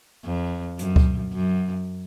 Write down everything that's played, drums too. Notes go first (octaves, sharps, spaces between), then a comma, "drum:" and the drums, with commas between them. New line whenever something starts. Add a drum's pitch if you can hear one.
F2
F#2, drum: hi-hat
drum: kick C#2
F#2